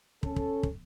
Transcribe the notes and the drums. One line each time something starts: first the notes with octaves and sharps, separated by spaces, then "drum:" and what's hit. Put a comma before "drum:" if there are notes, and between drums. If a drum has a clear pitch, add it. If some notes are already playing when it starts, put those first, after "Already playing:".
C#4 A4, drum: kick
drum: kick
drum: kick